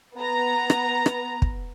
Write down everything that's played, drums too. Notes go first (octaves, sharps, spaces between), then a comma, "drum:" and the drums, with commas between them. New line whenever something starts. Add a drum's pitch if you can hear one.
B3 A#5
drum: rim click
drum: rim click
drum: kick